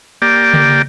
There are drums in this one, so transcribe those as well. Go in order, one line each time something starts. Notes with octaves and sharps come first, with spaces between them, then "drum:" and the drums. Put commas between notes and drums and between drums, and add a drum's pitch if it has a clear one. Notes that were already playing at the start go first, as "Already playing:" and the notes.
A#3 G4 D5
drum: tom C#3